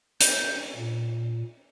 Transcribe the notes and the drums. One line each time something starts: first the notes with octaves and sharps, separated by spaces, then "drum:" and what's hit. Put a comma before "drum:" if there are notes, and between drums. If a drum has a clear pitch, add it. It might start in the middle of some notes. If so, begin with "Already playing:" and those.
G6, drum: hi-hat
A#2